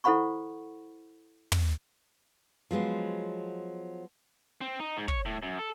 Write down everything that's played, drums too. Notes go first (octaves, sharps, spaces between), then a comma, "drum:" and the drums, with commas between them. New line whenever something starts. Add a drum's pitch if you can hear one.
E4 A4 C5 F#5 B5 C#6
drum: tom
F3 F#3 G#3 B3
C4
D#4
G#2
C#5, drum: kick
A2
F#2
A4